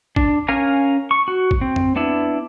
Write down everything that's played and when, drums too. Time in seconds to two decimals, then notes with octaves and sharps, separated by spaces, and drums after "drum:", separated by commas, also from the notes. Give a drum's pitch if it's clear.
0.16 D4, drum: kick
0.48 C#4 A#4 F5 G#5 A#5
1.11 C#6
1.28 F#4
1.51 drum: kick
1.61 C4
1.76 drum: tom F2
1.96 B3 D4 E4